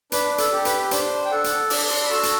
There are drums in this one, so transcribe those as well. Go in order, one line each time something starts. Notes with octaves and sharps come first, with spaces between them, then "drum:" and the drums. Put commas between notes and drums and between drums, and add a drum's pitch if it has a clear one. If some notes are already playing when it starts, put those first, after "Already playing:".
D4 B4, drum: hi-hat
A4, drum: hi-hat
G4
B4, drum: hi-hat
D4 C5, drum: hi-hat
G5
A4 F#5
drum: hi-hat
D4 D6, drum: open hi-hat
C6
B5
F#4 A4 A5
drum: hi-hat